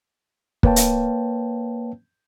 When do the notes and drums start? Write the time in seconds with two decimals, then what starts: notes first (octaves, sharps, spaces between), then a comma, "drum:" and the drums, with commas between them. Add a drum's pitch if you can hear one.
0.63 A#3 B4 C#5 F5 G5 A5, drum: kick
0.76 drum: hi-hat